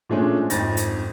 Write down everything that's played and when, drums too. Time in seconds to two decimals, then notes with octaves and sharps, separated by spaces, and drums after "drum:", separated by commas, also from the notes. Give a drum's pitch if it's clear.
0.09 A#2 F3 G#3 A3 C#4 D4
0.50 G#1 F2 D#3 A6 A#6, drum: hi-hat
0.77 drum: hi-hat